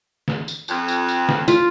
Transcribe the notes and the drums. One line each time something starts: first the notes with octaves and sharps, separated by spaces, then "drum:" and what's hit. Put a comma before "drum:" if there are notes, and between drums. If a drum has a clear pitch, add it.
drum: snare
drum: tambourine
F2, drum: tambourine
drum: tambourine
drum: tambourine
drum: snare
F4, drum: tambourine